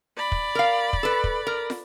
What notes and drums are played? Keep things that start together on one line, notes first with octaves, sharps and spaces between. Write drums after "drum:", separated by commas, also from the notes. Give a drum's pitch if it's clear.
D5 B5
drum: kick
A#4 F5
drum: kick
A4 B4
drum: kick
A#4
drum: snare